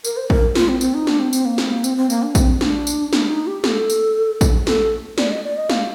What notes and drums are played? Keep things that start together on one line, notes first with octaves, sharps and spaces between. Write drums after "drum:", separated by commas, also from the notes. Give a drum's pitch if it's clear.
A#4, drum: tambourine
C5
A#4, drum: kick A#1
F4, drum: snare
C4
C4, drum: tambourine
D#4
D4, drum: snare
C4
C4, drum: tambourine
A#3
C4, drum: snare
A#3
C4, drum: tambourine
C4
A#3, drum: tambourine
D4
C4, drum: kick A#1, tambourine
D4, drum: snare
drum: tambourine
D4, drum: snare
D#4
G4
A4, drum: snare
drum: tambourine
drum: kick A#1, tambourine
A4, drum: snare
D5, drum: snare
D#5
D5
D#5
F5, drum: snare